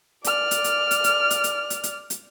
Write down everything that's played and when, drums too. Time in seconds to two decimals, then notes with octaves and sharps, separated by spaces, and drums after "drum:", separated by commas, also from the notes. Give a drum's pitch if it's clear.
0.24 D5 F6, drum: hi-hat
0.51 drum: hi-hat
0.64 drum: hi-hat
0.91 drum: hi-hat
1.04 drum: hi-hat
1.30 drum: hi-hat
1.44 drum: hi-hat
1.70 drum: hi-hat
1.84 drum: hi-hat
2.10 drum: hi-hat